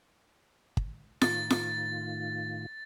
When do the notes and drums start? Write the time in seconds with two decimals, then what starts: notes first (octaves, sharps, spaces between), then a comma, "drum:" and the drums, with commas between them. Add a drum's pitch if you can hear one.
0.77 drum: kick
1.22 A2 D#3 F4 A6, drum: snare F4
1.50 drum: snare F4